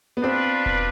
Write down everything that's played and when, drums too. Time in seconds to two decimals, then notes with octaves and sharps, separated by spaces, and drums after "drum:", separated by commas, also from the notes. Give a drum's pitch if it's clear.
0.17 B3
0.23 C4 D4 F4 B4
0.66 drum: kick E1